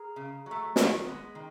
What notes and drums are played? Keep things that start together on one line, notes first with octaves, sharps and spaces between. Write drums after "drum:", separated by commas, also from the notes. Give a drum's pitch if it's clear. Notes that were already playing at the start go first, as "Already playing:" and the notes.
Already playing: G#4 A#4
C#3
F#3 A3
D#3, drum: snare
G#3 B3
D#3